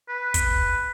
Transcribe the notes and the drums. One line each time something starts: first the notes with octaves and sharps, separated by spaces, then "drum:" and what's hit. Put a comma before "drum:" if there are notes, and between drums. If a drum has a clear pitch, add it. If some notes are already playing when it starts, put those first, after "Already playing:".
B4
drum: kick, hi-hat